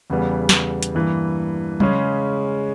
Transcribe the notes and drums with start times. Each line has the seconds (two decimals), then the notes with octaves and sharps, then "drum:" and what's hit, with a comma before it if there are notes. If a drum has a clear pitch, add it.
0.10 E2 C#3 G3 B3
0.49 drum: snare
0.83 drum: hi-hat
0.95 G2 E3 A#3
1.80 C#3 G#3 C#4, drum: tom F#3